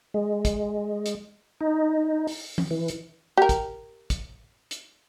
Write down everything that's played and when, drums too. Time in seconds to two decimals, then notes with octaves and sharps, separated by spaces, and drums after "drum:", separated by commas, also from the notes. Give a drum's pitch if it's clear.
0.14 G#3
0.45 drum: kick, hi-hat
1.06 drum: hi-hat
1.61 D#4
2.27 drum: open hi-hat
2.58 drum: tom E3
2.71 E3
2.88 drum: hi-hat
3.37 G4 A#4
3.49 drum: kick, hi-hat
4.10 drum: kick, hi-hat
4.71 drum: hi-hat